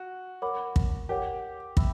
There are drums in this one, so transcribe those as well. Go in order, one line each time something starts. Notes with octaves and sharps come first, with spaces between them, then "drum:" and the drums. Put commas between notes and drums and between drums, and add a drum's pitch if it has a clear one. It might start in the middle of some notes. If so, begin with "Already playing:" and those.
Already playing: F#4
A#4 C#5 F#5 B5 D6
drum: kick
G4 A#4 C#5 F#5
E5 B5 E6, drum: kick